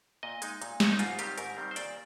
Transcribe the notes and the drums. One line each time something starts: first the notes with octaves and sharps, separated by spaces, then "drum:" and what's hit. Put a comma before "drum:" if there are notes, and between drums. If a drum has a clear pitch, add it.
A#2 D#5
G#3 D#4, drum: hi-hat
A#2, drum: hi-hat
G#3 D#4, drum: snare
D#4
G#2 F4, drum: hi-hat
D#3 G3 C4 G4, drum: hi-hat
G#2 A#4, drum: hi-hat
D#3 G3 C4
C5
A#2 D5, drum: hi-hat